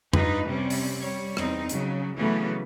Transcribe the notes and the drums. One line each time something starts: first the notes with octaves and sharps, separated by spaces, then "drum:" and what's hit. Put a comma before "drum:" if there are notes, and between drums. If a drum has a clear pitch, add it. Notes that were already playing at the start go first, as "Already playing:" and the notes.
G2 D4 D#4 F4 B4, drum: tom F2
C3 G3 C4 C#4
drum: open hi-hat
G3 C#5
E2 C4 D#4, drum: rim click
C#3 F#3, drum: hi-hat
C#3 E3 F#3 A3 B3 C#4